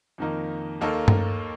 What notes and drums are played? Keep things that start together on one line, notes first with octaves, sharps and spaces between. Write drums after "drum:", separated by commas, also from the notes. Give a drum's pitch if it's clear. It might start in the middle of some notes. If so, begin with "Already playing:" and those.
F2 D#3 A#3 D#4
D#2 D#3 A#3 D#4 A4
drum: tom G2